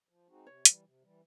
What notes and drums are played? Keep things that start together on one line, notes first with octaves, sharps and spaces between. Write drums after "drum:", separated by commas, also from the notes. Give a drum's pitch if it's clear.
F3
G#3 C4 D#4 F#4
C3 C#5
E3 G3, drum: hi-hat
C3
E3 G3